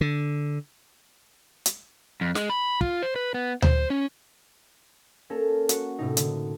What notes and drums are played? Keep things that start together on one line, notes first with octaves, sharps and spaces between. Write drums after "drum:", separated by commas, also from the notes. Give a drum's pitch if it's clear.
D3
drum: hi-hat
F2
G#3, drum: snare
B5
F4, drum: kick
C5
B4
B3
C5, drum: tom D2
C#4
A#3 C#4 A4 A#4
F#4 C#6, drum: hi-hat
A2 C3 D#4
D3, drum: hi-hat